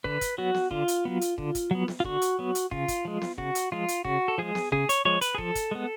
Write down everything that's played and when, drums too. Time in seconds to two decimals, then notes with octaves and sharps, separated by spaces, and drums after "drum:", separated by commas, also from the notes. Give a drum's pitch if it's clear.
0.04 D3 B4, drum: kick
0.21 drum: kick, hi-hat
0.38 F#3 B3 F#4
0.55 drum: snare B3
0.71 D3 F4, drum: kick
0.88 drum: hi-hat
1.05 F#3 B3
1.21 drum: hi-hat
1.38 D3, drum: kick
1.55 drum: kick, hi-hat
1.71 F#3 B3
1.88 drum: snare B3
2.00 F4
2.04 D3 F#4, drum: kick
2.22 drum: hi-hat
2.39 F#3 B3
2.55 drum: hi-hat
2.71 C#3 F4, drum: kick
2.88 drum: kick, hi-hat
3.05 F3 G#3
3.22 drum: snare B3
3.38 C#3 F#4, drum: kick
3.55 drum: hi-hat
3.72 F3 G#3 F4
3.88 drum: hi-hat
4.05 C#3 F#4, drum: kick
4.28 A4
4.38 F3 G#3 G#4
4.55 drum: snare B3
4.72 C#3 G#4, drum: kick
4.89 C#5, drum: hi-hat
5.05 F3 G#3 C#5
5.21 B4, drum: hi-hat
5.35 G#4
5.38 F3 A4, drum: kick
5.55 drum: kick, hi-hat
5.71 G#3 B3